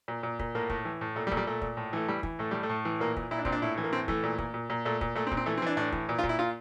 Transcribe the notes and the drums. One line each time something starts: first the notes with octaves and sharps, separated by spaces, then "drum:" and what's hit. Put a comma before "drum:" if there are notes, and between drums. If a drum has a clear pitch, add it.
A#2
A#2
A#2, drum: kick
A2 A#3
A2, drum: kick
E3
A2
A#2 A3
G3
A#2 A3, drum: kick
G3
A#2 A3
A#2, drum: kick
A2
E3 A3
E3 G3
E3, drum: kick
A2 A3
A2 G3
A3
A2
E3
A#2 A#3
A#2, drum: kick
A#2 E4
D4
A#2 C4, drum: kick
D4
A2 E4
E3
A#3
A2 C4
E3 A3, drum: kick
A#2
A#2, drum: kick
A#2
A#2
A#2 A3
A#2, drum: kick
A#2 A3
C4
A#2, drum: kick
C4
E3 A3
C4
E3 D4
A2 D4
E3, drum: kick
A#2
F4
A#2, drum: kick
E4
A#2 F4